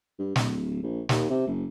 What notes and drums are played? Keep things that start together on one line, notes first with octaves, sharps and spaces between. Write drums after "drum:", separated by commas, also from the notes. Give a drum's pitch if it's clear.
G2
D1, drum: snare
A#1
D#2, drum: snare
C3
F#1